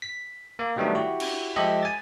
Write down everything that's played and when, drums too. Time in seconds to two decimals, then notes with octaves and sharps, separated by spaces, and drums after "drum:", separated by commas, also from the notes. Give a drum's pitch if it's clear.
0.02 B6
0.59 A#3
0.76 D#3 F#3 G3 A3 B3 D4
0.95 E4 F#4 G4
1.20 drum: cymbal
1.56 F3 G#3 G4 A4 D#5 E5
1.83 G#5 A6